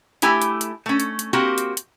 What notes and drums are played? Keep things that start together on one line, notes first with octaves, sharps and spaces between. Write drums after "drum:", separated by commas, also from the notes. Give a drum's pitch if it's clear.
A3 E4 G4 G#5, drum: hi-hat
drum: hi-hat
drum: hi-hat
A3 C#4
drum: hi-hat
drum: hi-hat
A#3 C4 F#4 G4
drum: hi-hat
drum: hi-hat